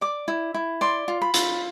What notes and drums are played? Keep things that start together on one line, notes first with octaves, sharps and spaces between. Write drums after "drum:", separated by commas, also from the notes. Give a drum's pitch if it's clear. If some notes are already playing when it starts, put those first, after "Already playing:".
D5 D6
E4
E4
D5 C6
F4
B5
F4, drum: hi-hat